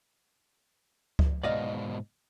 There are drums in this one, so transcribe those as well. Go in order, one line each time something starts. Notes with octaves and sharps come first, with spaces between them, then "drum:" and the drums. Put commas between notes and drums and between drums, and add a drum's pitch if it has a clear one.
drum: kick C#2
G#2 B2 D5 D#5 F5